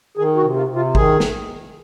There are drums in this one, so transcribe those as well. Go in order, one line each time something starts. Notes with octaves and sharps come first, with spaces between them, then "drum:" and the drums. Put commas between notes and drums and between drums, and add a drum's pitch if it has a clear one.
D#3 G#4
F#4
C3
F4
C3
F4
D#3 G#4, drum: kick G#1
drum: snare